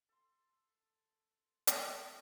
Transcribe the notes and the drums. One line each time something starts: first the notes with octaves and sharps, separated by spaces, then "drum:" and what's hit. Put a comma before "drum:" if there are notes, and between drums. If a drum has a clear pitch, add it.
A4 C6
drum: hi-hat